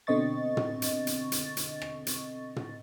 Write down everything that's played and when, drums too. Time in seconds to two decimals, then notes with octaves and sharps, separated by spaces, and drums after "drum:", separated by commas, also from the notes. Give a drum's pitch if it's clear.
0.07 B2 D3 C4 D#5 C#6 A6
0.57 drum: tom
0.82 drum: hi-hat
1.07 drum: hi-hat
1.32 drum: hi-hat
1.57 drum: hi-hat
1.82 drum: rim click
2.07 drum: hi-hat
2.56 drum: tom